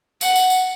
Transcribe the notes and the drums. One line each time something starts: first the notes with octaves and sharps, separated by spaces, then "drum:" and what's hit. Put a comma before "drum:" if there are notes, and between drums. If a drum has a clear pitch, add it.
F#5, drum: tambourine
drum: tambourine
drum: tambourine